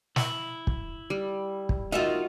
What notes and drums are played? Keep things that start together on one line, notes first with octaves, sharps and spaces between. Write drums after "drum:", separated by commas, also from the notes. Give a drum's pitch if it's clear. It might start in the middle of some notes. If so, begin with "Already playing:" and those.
E4, drum: snare
drum: kick
G3
drum: kick
D#4 F4 F#4 A#4 D#5 E5